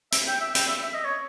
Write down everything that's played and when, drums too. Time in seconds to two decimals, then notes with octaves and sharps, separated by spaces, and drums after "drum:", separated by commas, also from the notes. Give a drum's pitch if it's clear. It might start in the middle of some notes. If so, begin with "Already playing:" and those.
0.12 E5, drum: hi-hat
0.27 G5
0.41 E5
0.55 G5, drum: hi-hat
0.69 E5
0.83 E5
0.94 D#5
1.04 C#5